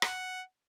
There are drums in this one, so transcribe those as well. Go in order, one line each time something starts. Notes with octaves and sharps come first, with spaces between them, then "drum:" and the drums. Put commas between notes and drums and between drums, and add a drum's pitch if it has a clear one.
F#5, drum: rim click